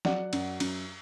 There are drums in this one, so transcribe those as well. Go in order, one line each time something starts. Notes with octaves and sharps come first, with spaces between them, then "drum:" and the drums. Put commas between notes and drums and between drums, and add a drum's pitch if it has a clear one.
F#3 D5 F#5, drum: snare
F#2, drum: cymbal
F#2, drum: cymbal